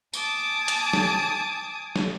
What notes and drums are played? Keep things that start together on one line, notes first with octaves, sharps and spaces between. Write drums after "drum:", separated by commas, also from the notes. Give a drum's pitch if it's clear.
G#5 A5 D6 D#6, drum: tambourine
drum: hi-hat
drum: snare
drum: snare